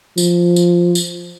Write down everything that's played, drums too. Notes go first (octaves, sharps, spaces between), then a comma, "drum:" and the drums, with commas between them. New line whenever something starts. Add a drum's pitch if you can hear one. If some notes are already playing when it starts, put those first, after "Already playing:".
F3, drum: tambourine
drum: tambourine
drum: tambourine